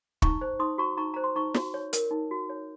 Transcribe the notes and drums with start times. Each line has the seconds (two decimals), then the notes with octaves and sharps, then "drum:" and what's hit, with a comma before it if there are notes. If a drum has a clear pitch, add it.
0.22 D#4 A#5 C#6, drum: kick
0.41 C5
0.59 D#4 C6 D#6
0.78 F#4 A#5 C#6
0.97 D#4 A#5 C#6
1.14 C5 A#5
1.24 C6
1.36 D#4 A#5 C#6
1.54 F#4, drum: snare
1.74 C#5
1.93 A#4, drum: hi-hat
2.11 D#4
2.31 F#4
2.50 C#5